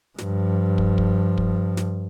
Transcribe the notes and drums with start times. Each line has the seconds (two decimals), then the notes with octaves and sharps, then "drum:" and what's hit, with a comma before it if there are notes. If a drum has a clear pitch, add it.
0.18 G2 F3, drum: snare
0.78 drum: kick
0.98 drum: kick
1.38 drum: kick
1.77 drum: snare